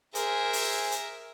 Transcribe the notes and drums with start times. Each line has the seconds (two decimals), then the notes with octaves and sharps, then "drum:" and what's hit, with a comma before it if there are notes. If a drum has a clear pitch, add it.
0.15 G#4 A#4 C5 E5 G#5, drum: hi-hat
0.53 drum: open hi-hat
0.92 drum: hi-hat